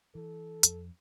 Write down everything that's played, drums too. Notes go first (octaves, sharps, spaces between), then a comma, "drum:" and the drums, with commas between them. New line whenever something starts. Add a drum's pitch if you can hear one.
E3 A4
F2, drum: hi-hat